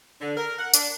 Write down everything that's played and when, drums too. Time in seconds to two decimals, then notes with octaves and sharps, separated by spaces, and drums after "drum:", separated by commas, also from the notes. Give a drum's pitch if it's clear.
0.20 D3
0.36 A#4
0.59 F#5
0.74 D4, drum: tambourine